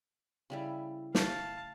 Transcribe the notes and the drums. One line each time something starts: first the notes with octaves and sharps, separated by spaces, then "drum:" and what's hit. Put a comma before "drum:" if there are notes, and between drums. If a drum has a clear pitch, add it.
C#3 G3 E4
A3 F5 A5, drum: snare